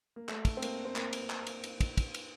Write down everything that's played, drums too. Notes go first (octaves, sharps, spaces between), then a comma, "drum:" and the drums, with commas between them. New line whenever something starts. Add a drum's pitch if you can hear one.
A#3
A3, drum: clap
drum: kick, cymbal
C4
A#3, drum: cymbal
C4
A#3, drum: clap
drum: cymbal
drum: clap
drum: cymbal
drum: cymbal
drum: kick, cymbal
drum: kick, cymbal
drum: cymbal